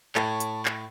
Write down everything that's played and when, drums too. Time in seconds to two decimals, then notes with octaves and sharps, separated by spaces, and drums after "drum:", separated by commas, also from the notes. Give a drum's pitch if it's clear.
0.15 A2 C#5 A5, drum: clap
0.40 drum: hi-hat
0.65 drum: clap